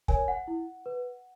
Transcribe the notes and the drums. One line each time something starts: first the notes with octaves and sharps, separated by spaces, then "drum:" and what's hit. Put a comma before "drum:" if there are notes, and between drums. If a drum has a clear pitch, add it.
A#4 C#5 G#5, drum: kick
F#5
E4
B4